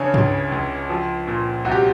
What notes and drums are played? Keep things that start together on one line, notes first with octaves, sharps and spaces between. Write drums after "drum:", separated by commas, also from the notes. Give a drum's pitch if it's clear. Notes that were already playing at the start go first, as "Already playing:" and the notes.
Already playing: C#3 E3 C#4 D4
C#2, drum: tom G2
C#2
F3
A#2
C2 F#4
G4